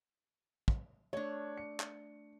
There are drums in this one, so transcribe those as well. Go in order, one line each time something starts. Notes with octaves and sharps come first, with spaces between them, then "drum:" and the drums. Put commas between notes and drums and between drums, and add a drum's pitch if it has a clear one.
drum: kick
A3 D4 C#5
C#7
drum: clap